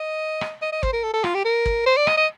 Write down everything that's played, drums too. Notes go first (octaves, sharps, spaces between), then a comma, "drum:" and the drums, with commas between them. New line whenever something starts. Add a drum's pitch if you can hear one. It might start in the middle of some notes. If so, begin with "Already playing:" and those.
Already playing: D#5
drum: rim click
D#5
D#5
C5, drum: kick
A#4
A4
A4
F4, drum: rim click
G4
A#4
drum: kick
C5
D5
D#5, drum: rim click
D#5